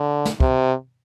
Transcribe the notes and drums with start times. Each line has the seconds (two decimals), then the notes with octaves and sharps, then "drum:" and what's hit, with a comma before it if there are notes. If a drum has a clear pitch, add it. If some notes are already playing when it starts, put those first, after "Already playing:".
Already playing: D3
0.25 drum: snare
0.40 C3, drum: kick